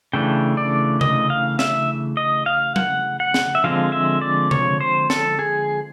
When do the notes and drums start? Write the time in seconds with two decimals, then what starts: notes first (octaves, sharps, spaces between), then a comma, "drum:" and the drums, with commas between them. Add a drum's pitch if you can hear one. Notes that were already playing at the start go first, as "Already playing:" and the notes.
0.13 C#3 E3 A3 D4 G5
0.57 D5
1.01 D#5, drum: tom C3
1.30 F5
1.59 E5, drum: snare
2.17 D#5
2.46 F5
2.76 F#5, drum: tom F#3
3.20 F#5
3.34 drum: snare
3.55 E5
3.64 D3 F3 G#3 C4 F5
3.92 E5
4.21 D5
4.51 C#5, drum: tom C3
4.81 C5
5.10 A4, drum: snare
5.39 G#4